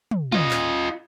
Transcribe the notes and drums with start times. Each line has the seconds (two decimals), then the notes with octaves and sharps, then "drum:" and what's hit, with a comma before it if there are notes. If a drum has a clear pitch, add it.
0.11 drum: tom
0.32 F4 D#5, drum: tom
0.51 drum: clap